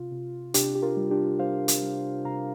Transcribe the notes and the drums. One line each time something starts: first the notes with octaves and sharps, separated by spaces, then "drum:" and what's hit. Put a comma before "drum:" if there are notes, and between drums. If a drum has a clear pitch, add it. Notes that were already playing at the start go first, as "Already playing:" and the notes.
Already playing: C3 F4
C3
C3 D4 G4, drum: hi-hat
G4
F4 A#4
G3
D4 G4
G3 C5 F5
drum: hi-hat
G3
C3 F5 A#5